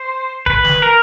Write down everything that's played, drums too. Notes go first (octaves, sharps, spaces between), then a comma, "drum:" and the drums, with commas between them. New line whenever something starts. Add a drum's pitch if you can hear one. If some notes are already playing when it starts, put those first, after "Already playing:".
Already playing: C5
B4, drum: kick E1
drum: snare
A#4